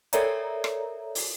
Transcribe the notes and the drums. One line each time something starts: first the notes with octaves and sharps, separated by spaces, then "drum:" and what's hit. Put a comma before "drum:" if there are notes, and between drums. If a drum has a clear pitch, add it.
A4 A#4 C#5 D5 E5 A#5, drum: hi-hat
drum: rim click
drum: open hi-hat